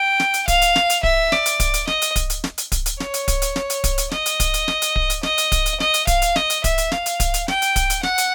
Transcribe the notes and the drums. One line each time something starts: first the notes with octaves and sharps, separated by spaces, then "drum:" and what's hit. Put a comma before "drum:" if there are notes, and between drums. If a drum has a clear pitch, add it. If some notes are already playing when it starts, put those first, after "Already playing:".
Already playing: G5
drum: snare
drum: hi-hat
F5, drum: kick D1, hi-hat
drum: hi-hat
drum: snare
drum: hi-hat
E5, drum: kick D1
D5, drum: snare
drum: hi-hat
drum: kick D1, hi-hat
drum: hi-hat
D#5, drum: snare
drum: hi-hat
drum: kick D1, hi-hat
drum: hi-hat
drum: snare
drum: hi-hat
drum: kick D1, hi-hat
drum: hi-hat
C#5, drum: snare
drum: hi-hat
drum: kick D1, hi-hat
drum: hi-hat
drum: snare
drum: hi-hat
drum: kick D1, hi-hat
drum: hi-hat
D#5, drum: snare
drum: hi-hat
drum: kick D1, hi-hat
drum: hi-hat
drum: snare
drum: hi-hat
drum: kick D1
drum: hi-hat
D#5, drum: snare
drum: hi-hat
drum: kick D1, hi-hat
drum: hi-hat
D#5, drum: snare
drum: hi-hat
F5, drum: kick D1, hi-hat
drum: hi-hat
D#5, drum: snare
drum: hi-hat
E5, drum: kick D1, hi-hat
drum: hi-hat
F5, drum: snare
drum: hi-hat
drum: kick D1, hi-hat
drum: hi-hat
G5, drum: snare
drum: hi-hat
drum: kick D1, hi-hat
drum: hi-hat
F#5, drum: snare
drum: hi-hat